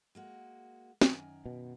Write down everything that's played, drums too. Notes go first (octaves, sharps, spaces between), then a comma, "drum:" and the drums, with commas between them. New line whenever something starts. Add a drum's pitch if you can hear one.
G#3 A#3 F#4
F#2 D#3 G#5, drum: snare
B2